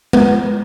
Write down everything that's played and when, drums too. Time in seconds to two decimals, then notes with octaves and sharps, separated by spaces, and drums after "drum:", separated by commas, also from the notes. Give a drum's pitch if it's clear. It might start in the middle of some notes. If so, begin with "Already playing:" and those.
0.13 B3, drum: tom G#3